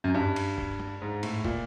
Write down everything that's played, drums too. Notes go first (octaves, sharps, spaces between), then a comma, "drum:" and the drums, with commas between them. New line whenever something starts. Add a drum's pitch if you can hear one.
F#2
G2
drum: cymbal
drum: kick
drum: tom
G#2
A2, drum: cymbal
A#2, drum: kick